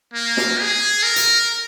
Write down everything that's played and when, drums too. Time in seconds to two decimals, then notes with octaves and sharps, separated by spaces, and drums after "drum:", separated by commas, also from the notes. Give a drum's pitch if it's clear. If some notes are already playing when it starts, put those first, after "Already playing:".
0.14 A#3
0.37 drum: snare
0.59 G#4
1.03 A#4
1.16 drum: hi-hat